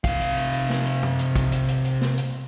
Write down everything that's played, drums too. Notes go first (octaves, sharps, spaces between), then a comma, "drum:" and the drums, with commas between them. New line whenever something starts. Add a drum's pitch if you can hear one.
C3 F5, drum: kick, hi-hat
drum: hi-hat
drum: hi-hat
drum: hi-hat
drum: snare
drum: hi-hat
drum: tom
drum: hi-hat
drum: kick, hi-hat
drum: hi-hat
drum: hi-hat
drum: hi-hat
drum: snare
drum: hi-hat